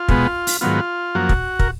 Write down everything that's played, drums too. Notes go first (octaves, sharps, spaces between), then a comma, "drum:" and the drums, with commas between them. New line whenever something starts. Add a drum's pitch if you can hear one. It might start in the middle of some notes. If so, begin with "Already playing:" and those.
Already playing: F4
B2 G#3 B3, drum: kick
drum: open hi-hat
G#2 D#3 F#3 B3 F4
F#2 F3 A#3 F#4
drum: kick
A#4, drum: kick